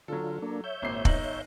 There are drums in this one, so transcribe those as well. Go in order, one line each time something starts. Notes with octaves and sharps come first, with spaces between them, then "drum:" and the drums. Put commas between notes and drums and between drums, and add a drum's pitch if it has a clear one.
D3 F#3 F4 A4
A#3 D4
C#5 E5 G6
G#1 A#2 C7
G1 D#4 F#7, drum: kick